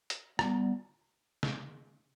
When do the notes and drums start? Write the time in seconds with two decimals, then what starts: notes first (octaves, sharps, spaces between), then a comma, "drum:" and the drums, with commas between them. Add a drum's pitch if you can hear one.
0.10 drum: hi-hat
0.39 G3 B3, drum: rim click
1.43 drum: snare